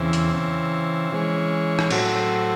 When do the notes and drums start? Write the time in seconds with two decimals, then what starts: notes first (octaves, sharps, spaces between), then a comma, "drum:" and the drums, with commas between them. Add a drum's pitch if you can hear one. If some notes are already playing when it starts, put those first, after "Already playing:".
Already playing: E2 C#3 E3 C4
0.13 drum: hi-hat
0.34 C#3 E3 C4
1.12 E3 G#3 C#4
1.79 drum: rim click
1.91 A2 F#3 C4 F#4 A4, drum: cymbal